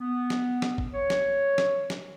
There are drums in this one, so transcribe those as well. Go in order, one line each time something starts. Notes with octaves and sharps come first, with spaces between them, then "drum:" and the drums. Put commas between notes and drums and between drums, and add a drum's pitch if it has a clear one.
B3
drum: snare
drum: snare
drum: kick
C#5
drum: snare
drum: snare
drum: snare